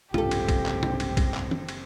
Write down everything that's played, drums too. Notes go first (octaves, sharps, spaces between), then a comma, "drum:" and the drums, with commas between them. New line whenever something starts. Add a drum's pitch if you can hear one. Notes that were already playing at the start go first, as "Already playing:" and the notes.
F#1 C2 G#2 C4 F4 G4 A4, drum: tom
drum: cymbal
drum: kick B1, cymbal
drum: clap
drum: tom
drum: cymbal
drum: kick B1, cymbal
drum: clap
drum: tom D#3
drum: cymbal